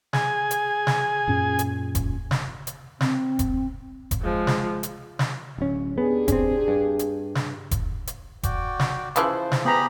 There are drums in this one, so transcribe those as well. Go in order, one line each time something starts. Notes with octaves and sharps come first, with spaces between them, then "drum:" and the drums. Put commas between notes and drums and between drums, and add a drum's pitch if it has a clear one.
G#4 G#5, drum: snare
drum: hi-hat
drum: snare
F#2 A#2 C#4
drum: hi-hat
drum: kick E1, hi-hat
drum: snare
drum: hi-hat
C4, drum: snare
drum: kick E1, hi-hat
drum: kick E1, hi-hat
F3 G#3
drum: snare
drum: hi-hat
drum: snare
D1 C#4
B3 D4 G4 G#4
C4 C#4, drum: kick E1, hi-hat
G2
drum: hi-hat
drum: snare
drum: kick E1, hi-hat
drum: hi-hat
F#4 D5 G5, drum: kick E1, hi-hat
drum: snare
C#3 E3 F3 C5 B5, drum: hi-hat
drum: snare
B3 G4 G#4 A#5 B5